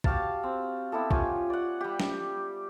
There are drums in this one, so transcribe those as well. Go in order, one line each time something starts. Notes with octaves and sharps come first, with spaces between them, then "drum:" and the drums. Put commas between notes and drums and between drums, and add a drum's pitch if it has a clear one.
F#4 G4 F5 A5, drum: kick
C4
B3 E4 G4 A4
C#4 F4 G4 G#5, drum: kick
D5 F#5
G3 G4
drum: snare